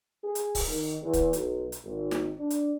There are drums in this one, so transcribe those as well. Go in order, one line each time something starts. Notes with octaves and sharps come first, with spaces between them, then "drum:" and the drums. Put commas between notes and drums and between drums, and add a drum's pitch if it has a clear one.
G#4
drum: hi-hat
drum: kick C#1, open hi-hat
D#3
E2
drum: kick C#1, hi-hat
B1, drum: hi-hat
drum: hi-hat
G#1
drum: snare
D4
drum: hi-hat